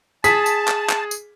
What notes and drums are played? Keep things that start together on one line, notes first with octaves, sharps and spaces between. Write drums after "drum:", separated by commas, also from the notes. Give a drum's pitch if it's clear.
G#4 A5 B6, drum: tambourine
drum: tambourine
drum: clap
drum: clap
drum: tambourine